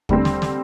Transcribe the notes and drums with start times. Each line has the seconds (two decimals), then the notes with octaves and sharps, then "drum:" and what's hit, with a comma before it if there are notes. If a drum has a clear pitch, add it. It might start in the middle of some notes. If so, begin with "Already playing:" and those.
0.09 D3 G3 C4, drum: kick
0.25 drum: snare
0.42 drum: snare